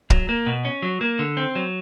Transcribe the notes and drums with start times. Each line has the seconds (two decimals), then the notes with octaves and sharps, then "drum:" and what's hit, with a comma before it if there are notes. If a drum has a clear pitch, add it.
0.10 F#3, drum: kick
0.29 A#3
0.46 B2
0.65 C#4
0.82 F#3
1.01 A#3
1.19 D3
1.37 C4
1.55 F#3